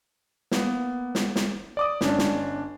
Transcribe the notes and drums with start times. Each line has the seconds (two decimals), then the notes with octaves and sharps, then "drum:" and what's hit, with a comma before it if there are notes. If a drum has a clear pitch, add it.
0.51 A#3 B3, drum: snare
1.15 drum: snare
1.36 drum: snare
1.77 D5 D6 D#6
2.01 G1 C#4 D4, drum: snare
2.19 drum: snare